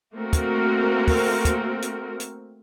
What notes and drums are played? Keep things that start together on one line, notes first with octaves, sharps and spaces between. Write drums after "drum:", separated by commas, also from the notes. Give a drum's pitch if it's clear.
A3 A#3 C4 F#4 A#4
drum: kick, hi-hat
drum: kick, open hi-hat
drum: kick, hi-hat
drum: hi-hat
drum: hi-hat